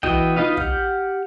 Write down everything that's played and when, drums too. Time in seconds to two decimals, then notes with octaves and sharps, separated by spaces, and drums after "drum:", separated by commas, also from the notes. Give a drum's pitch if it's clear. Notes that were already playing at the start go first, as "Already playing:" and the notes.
0.03 E3 B3 F#4 D#5 G5, drum: kick
0.36 D#4 F4 B4 D#5 F5
0.57 G4 F#5 F6 G6, drum: kick